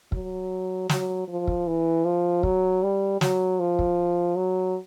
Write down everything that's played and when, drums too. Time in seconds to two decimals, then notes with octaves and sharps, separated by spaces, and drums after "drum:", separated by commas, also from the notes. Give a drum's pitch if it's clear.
0.12 F#3, drum: kick
0.89 F#3, drum: snare
1.28 F3
1.47 drum: kick
1.67 E3
2.05 F3
2.43 F#3, drum: kick
2.83 G3
3.21 F#3, drum: snare
3.59 F3
3.79 drum: kick
4.36 F#3